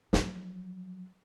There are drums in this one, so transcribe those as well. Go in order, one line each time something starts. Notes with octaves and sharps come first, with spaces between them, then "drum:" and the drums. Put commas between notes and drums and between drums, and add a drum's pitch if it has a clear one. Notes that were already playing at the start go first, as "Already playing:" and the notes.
F3 F#3, drum: snare